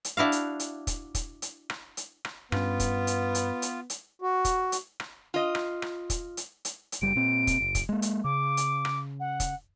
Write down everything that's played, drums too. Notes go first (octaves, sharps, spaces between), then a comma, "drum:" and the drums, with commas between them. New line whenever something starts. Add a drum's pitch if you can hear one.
drum: hi-hat
D4 E4 F#4 F5
drum: hi-hat
drum: hi-hat
drum: kick, hi-hat
drum: kick, hi-hat
drum: hi-hat
drum: rim click
drum: hi-hat
drum: rim click
G2 B3 C#4 F4, drum: rim click
drum: kick, hi-hat
drum: hi-hat
drum: hi-hat
drum: hi-hat
drum: hi-hat
F#4
drum: kick, hi-hat
drum: hi-hat
drum: rim click
F4 D#5
drum: rim click
drum: rim click
drum: kick, hi-hat
drum: hi-hat
drum: hi-hat
drum: hi-hat
F#1 G3 D7
A#2 C4
drum: kick, hi-hat
F#1
drum: kick, hi-hat
G#3 A#3
drum: hi-hat
C#3 D6
drum: hi-hat
drum: rim click
F#5
drum: kick, hi-hat